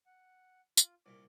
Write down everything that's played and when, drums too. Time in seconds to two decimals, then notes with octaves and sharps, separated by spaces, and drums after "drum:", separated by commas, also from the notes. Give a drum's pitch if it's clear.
0.06 F#5
0.77 F4, drum: tambourine
1.06 C2 A#2 D6